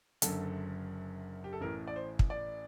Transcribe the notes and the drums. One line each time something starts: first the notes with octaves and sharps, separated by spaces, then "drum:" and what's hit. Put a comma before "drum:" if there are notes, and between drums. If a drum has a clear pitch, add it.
F#1 F#2 D3 A4, drum: hi-hat
G4
A4
A1 A2 A#4
D5
C5
drum: kick
D5